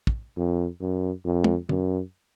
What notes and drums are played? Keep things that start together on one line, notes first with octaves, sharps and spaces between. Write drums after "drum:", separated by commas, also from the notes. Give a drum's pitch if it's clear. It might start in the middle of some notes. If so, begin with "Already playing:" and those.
drum: kick
F2
F#2
F2
drum: tom
F#2, drum: tom